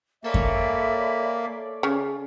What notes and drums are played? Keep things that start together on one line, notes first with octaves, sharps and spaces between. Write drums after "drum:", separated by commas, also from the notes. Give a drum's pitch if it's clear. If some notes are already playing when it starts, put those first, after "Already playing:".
A#3 A4 C#5 D5 E5 G#5 B5
drum: kick F#2
C#3